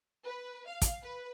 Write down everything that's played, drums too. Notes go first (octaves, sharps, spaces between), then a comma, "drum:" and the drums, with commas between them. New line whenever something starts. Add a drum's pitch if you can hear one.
B4
F5
drum: kick, hi-hat
B4